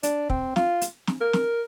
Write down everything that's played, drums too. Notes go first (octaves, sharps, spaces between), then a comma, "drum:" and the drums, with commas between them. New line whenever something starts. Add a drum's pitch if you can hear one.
D4, drum: hi-hat
C4, drum: kick
F4, drum: snare
drum: hi-hat
drum: snare
A#4
drum: snare